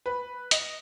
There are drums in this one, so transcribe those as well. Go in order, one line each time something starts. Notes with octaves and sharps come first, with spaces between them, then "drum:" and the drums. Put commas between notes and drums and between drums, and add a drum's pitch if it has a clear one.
B4
D#5, drum: hi-hat